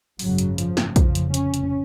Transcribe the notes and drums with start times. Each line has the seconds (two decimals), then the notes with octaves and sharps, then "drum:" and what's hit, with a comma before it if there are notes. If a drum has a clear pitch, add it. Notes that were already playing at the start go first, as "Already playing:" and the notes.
0.19 G#1 F#2 C#3 F#3, drum: open hi-hat
0.38 drum: hi-hat
0.58 F3, drum: hi-hat
0.77 drum: snare
0.96 F1 F2 C#3 F3, drum: kick, hi-hat
1.15 drum: hi-hat
1.34 C#4, drum: hi-hat
1.54 drum: hi-hat